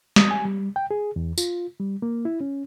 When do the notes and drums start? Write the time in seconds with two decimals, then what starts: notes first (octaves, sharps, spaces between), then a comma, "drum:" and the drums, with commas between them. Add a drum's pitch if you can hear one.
0.16 D#6, drum: snare
0.31 G#5
0.45 G3
0.76 G5
0.91 G#4
1.16 E2
1.38 F4, drum: tambourine
1.80 G3
2.02 A#3
2.25 E4
2.40 C#4